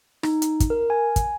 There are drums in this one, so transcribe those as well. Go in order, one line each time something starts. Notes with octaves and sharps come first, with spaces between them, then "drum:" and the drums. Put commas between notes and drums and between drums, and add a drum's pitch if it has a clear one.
D#4, drum: rim click
drum: hi-hat
drum: kick, hi-hat
A#4
G#5
drum: kick, hi-hat